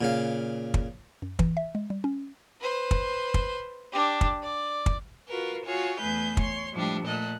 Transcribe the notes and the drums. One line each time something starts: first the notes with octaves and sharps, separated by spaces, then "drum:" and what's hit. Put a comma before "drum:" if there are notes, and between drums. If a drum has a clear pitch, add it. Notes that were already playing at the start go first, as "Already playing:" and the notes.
A#2 C#3 F5
drum: kick
F#2
E3, drum: kick
E5
G#3
G3
C#4
B4 C5
drum: kick
drum: kick
D4 G4
drum: kick
D5
drum: kick
F4 F#4 A#4 B4
F4 F#4 G#4 C#5
E2 A3 G#4 B4 G6
C#5 C6, drum: kick
A2 F3 G3 G#3 D4 G4
A#2 A3 A4 D#5 F#6